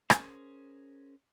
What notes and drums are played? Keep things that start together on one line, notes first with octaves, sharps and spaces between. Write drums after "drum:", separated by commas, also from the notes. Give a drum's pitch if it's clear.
C#4 G#4 A#4 C5, drum: rim click